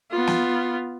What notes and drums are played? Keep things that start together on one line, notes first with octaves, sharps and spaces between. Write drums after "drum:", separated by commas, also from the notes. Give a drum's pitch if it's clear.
B3 F4
drum: snare